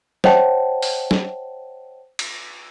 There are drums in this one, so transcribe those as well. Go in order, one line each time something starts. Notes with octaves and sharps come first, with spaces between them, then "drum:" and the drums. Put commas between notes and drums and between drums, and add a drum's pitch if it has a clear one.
C5 C#5 D#5 F#5 G5 A5, drum: snare
drum: open hi-hat
drum: snare
drum: cymbal